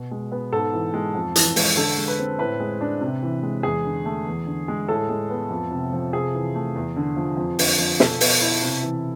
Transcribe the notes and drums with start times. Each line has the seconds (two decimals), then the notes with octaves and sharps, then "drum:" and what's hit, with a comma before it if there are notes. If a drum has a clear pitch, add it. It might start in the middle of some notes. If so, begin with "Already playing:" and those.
Already playing: B2
0.11 G#3
0.32 B3
0.52 G#2 A4
0.73 E3
0.94 G#3
1.15 F2
1.36 E3, drum: hi-hat
1.56 G#3, drum: open hi-hat
1.77 D3 A4
1.97 G#3
2.08 B4
2.19 C4
2.39 A2 B4
2.60 G#3
2.81 D4
3.01 C3
3.23 E3
3.43 G#3
3.63 E2 G#4
3.85 D3
4.05 A3
4.27 E2
4.46 D3
4.68 G#3
4.88 A2 A4
5.09 G#3
5.30 B3
5.51 F2
5.71 C3
5.93 F3
6.13 C3 G#4
6.34 E3
6.55 A3
6.76 E2
6.96 D3
7.16 F3
7.37 F2
7.59 D3, drum: open hi-hat
7.79 F3
8.00 B2 A4, drum: snare
8.21 B3, drum: open hi-hat
8.42 E4
8.62 C3
8.83 E3